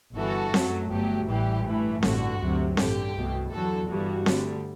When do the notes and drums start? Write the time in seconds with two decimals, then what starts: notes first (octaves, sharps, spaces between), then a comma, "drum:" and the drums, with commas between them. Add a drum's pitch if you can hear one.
0.17 G1 G2 E3 F#4 A4
0.54 F#2 F#3 A3, drum: snare C4
0.91 G1 G2 F#3 A3 G4
1.28 A1 A2 E3 G3 G4
1.65 G2 E3 A3
2.03 A1 G2 D3 F#4, drum: snare C4
2.39 D2 C3 F#3
2.77 A1 G2 D3 G4, drum: snare C4
3.14 C2 B2 A3
3.52 E2 D3 F#3 F#4 A4
3.89 G1 G2 E3 G3 F#4
4.26 D2 D3 G3, drum: snare C4